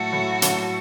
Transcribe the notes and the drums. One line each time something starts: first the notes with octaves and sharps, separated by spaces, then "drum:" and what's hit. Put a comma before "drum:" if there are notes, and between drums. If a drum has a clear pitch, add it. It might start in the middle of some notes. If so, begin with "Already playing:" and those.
Already playing: A2 F#3 A3 F#4 A4
A2 F#3 A3
A2 F#3 A3, drum: hi-hat